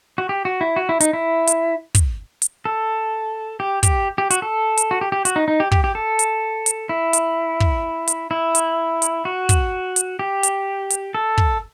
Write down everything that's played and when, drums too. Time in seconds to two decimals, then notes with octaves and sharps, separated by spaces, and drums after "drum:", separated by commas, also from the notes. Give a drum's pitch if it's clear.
0.18 F#4
0.29 G4
0.45 F#4
0.61 E4
0.76 F#4
0.89 E4
1.00 D#4, drum: hi-hat
1.13 E4
1.47 drum: hi-hat
1.95 drum: kick, hi-hat
2.42 drum: hi-hat
2.65 A4
3.60 G4
3.83 G4, drum: kick, hi-hat
4.18 G4
4.30 F#4, drum: hi-hat
4.42 A4
4.77 drum: hi-hat
4.91 F#4
5.01 G4
5.12 G4
5.25 F#4, drum: hi-hat
5.36 D#4
5.48 D#4
5.60 G4
5.72 G4, drum: kick
5.84 G4
5.95 A4
6.19 drum: hi-hat
6.66 drum: hi-hat
6.89 E4
7.13 drum: hi-hat
7.60 drum: kick
8.07 drum: hi-hat
8.31 E4
8.55 drum: hi-hat
9.02 drum: hi-hat
9.25 F#4
9.49 drum: kick, hi-hat
9.96 drum: hi-hat
10.19 G4
10.43 drum: hi-hat
10.90 drum: hi-hat
11.14 A4
11.38 drum: kick